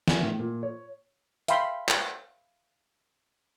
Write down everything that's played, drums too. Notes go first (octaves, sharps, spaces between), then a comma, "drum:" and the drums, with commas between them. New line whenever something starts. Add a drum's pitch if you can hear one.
G#5, drum: snare
A2
A#2
C#5
E5 F5 G5 B5 C6, drum: hi-hat
drum: clap